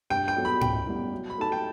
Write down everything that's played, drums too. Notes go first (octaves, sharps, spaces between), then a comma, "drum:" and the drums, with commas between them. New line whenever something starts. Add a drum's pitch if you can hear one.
G2 G5
G5
F#3 B3 F#4 A4
B5
F#2 G5, drum: tom G#2
E3 G3 B3
F#3
B5
A3 D#4 A4 A5
G5